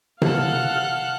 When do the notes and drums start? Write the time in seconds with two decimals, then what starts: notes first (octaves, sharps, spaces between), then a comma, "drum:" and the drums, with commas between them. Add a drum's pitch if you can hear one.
0.22 A4 F5 F#5 F6 F#6, drum: tom C3